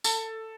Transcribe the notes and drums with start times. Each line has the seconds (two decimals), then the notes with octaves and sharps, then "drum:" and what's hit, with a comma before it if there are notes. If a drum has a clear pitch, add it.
0.04 A4, drum: tambourine